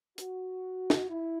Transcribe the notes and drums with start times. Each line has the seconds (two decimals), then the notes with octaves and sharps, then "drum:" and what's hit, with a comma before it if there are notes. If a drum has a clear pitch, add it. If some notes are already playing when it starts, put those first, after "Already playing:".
0.18 F#4, drum: hi-hat
0.90 drum: snare
1.09 E4